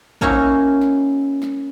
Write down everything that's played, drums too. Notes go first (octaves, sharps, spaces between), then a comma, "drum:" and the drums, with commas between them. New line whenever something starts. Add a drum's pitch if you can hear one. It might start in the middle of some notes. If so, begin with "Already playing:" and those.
A#3 C#4 D#4 E4 F#4, drum: kick A1
drum: snare
drum: snare